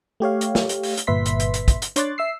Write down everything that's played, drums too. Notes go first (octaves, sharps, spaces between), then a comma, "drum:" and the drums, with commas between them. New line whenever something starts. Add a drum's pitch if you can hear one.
A3 G4 C#5 F5
drum: hi-hat
drum: snare
drum: hi-hat
drum: open hi-hat
drum: hi-hat
G1 A#2 B4 E5 C6 B6
drum: hi-hat
drum: hi-hat
drum: hi-hat
drum: kick, hi-hat
drum: hi-hat
D4 C#5 C6 D6 F#6 A6, drum: hi-hat
E5 E6 C7